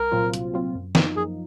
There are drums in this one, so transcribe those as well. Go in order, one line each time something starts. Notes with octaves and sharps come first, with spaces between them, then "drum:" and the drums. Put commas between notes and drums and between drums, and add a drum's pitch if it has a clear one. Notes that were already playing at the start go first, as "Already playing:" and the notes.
Already playing: C2 A#4
A#2 F#3 C4 F4
C2, drum: hi-hat
A#2 F#3 C4 F4
F#2
F3 A#3 D#4, drum: snare
F#2 G#4